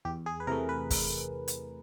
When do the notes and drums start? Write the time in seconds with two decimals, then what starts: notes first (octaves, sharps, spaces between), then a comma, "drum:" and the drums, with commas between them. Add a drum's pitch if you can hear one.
0.05 E2 G4
0.26 G#4
0.40 B4
0.47 C3 E3 A3 A#4
0.69 B4
0.90 drum: kick, open hi-hat
1.48 drum: hi-hat